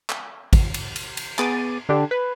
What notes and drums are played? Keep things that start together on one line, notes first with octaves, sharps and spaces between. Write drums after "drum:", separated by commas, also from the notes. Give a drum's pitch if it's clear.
drum: clap
drum: kick G#1, cymbal
drum: cymbal
drum: cymbal
drum: cymbal
B3 G#4 D6 A6 D#7, drum: clap
D3 D4 G4
B4